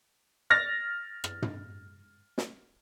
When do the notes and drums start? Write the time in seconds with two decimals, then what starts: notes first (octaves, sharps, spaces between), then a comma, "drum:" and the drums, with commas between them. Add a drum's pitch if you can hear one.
0.50 F6 A6 A#6
1.24 drum: rim click
1.42 drum: tom
2.38 drum: snare